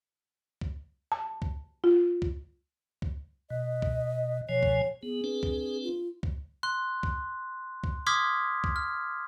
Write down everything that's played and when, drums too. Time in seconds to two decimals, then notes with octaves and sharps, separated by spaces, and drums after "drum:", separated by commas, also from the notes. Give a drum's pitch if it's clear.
0.61 drum: kick
1.12 A5
1.42 drum: kick
1.84 F4
2.22 drum: kick
3.02 drum: kick
3.50 B2 D#5
3.82 drum: kick
4.49 B2 F3 C#5 G#5
4.63 drum: kick
5.03 B3 G#4
5.24 C4 D4 B4
5.43 drum: kick
5.83 F4
6.23 drum: kick
6.63 C6 F#6
7.03 drum: kick
7.84 drum: kick
8.07 C6 D6 D#6 F6 G#6 B6
8.64 drum: kick
8.76 F6